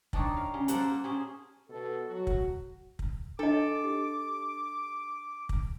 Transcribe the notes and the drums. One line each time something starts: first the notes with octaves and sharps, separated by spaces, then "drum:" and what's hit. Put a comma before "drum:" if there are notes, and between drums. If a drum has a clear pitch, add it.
D#3 D4 D#4 C#5, drum: kick
F5
C#3
A#3 A4 C5 F#5, drum: hi-hat
A#3
C#4 G#4 C5
B2 A4
F#3 F#4
drum: kick
drum: kick
D4 A4 D#5 D6
G4
drum: kick